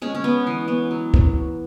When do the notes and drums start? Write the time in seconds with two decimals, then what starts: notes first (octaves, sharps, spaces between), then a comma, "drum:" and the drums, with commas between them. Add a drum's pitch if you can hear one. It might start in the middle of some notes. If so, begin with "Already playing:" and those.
0.02 G#3 C#4
0.15 C#4
0.24 B3
0.46 E3 C#4
0.68 B3
0.91 F#3
1.14 drum: kick